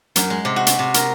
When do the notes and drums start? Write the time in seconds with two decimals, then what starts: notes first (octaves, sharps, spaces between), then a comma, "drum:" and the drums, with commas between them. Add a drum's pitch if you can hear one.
0.16 F#2, drum: hi-hat
0.30 G#3
0.45 C3
0.56 F#4
0.67 drum: hi-hat
0.79 C3
0.94 A#4, drum: hi-hat